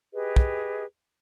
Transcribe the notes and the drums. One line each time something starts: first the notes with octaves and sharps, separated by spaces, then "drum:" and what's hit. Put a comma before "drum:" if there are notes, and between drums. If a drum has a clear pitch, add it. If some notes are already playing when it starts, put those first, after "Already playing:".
G4 G#4 B4 D#5
drum: kick